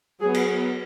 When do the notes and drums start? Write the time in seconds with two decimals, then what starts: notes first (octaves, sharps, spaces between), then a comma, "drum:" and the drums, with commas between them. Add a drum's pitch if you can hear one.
0.20 F#3 B3 G#4
0.34 drum: cymbal